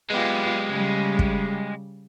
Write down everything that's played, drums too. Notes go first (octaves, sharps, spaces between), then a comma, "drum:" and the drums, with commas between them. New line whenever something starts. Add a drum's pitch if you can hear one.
G#3 B3 F4 G4
C#3 G3
drum: kick